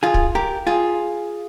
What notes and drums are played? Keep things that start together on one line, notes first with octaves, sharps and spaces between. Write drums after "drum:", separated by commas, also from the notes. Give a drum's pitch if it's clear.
F4 G#4
drum: kick
G4 A#4
F4 G#4